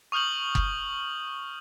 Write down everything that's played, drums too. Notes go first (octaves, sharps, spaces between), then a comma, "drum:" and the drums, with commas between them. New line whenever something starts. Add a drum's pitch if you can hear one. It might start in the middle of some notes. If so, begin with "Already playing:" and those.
C#6 D#6 F6 G6 F#7
drum: kick F#1